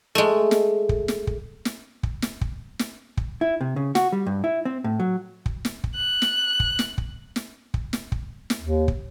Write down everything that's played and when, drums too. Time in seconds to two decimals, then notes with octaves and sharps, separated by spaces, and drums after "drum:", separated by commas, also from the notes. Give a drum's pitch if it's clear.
0.15 G#3 A3
0.51 drum: snare
0.89 drum: kick
1.08 drum: snare
1.27 drum: kick
1.65 drum: snare
2.03 drum: kick
2.22 drum: snare
2.41 drum: kick
2.79 drum: snare
3.17 drum: kick
3.41 E4
3.61 C3
3.76 C#3
3.95 F#4, drum: snare
4.13 G3
4.26 G2
4.44 E4
4.65 C4
4.84 A2
5.00 F#3
5.46 drum: kick
5.65 drum: snare
5.84 drum: kick
5.95 F#6
6.22 drum: snare
6.60 drum: kick
6.79 drum: snare
6.98 drum: kick
7.36 drum: snare
7.74 drum: kick
7.93 drum: snare
8.12 drum: kick
8.50 drum: snare
8.60 D#2
8.88 drum: kick